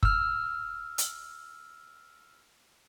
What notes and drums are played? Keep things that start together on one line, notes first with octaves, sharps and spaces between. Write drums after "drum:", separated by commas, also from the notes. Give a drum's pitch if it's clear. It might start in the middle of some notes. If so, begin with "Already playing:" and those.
E6 F6, drum: kick F#1
drum: hi-hat